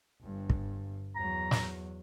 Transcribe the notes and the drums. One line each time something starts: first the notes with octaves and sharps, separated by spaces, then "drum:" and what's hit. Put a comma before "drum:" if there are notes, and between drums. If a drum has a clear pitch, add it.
G1 G2
drum: kick
E2 F#3 A#5
drum: snare